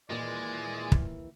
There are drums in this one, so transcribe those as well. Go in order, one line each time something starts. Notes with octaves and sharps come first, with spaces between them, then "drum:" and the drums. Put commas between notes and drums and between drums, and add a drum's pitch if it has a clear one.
D#2 A#2 E3 G#3 D5
drum: kick